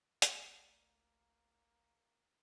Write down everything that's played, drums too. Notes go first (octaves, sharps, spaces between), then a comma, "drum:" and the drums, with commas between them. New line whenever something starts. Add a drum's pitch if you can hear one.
G#1 C#2 A3 A#3, drum: hi-hat